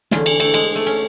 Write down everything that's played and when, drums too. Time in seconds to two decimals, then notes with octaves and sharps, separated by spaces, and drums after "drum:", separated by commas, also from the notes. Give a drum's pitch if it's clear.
0.11 E2 D3 C#4, drum: snare
0.26 drum: cymbal
0.40 A3, drum: cymbal
0.54 G#3, drum: cymbal
0.75 A3
0.86 C#4